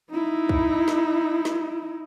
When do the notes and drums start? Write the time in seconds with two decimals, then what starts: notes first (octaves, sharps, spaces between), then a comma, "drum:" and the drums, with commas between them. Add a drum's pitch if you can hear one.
0.11 D#4 E4
0.49 drum: kick
0.88 drum: snare
1.45 drum: snare